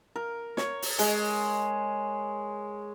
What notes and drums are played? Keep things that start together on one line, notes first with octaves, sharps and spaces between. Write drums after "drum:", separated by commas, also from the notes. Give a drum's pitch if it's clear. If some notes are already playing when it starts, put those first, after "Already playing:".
A#4
C#5, drum: snare
drum: open hi-hat
G#3, drum: hi-hat